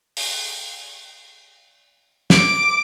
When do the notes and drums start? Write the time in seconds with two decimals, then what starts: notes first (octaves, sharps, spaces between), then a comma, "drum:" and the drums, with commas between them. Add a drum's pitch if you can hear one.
0.17 drum: open hi-hat
2.30 D6, drum: snare